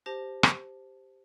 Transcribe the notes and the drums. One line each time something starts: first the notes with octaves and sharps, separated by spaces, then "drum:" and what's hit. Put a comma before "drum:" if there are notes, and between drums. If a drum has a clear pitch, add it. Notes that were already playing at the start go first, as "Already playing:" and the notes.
G4 C5 A5 A#6
drum: rim click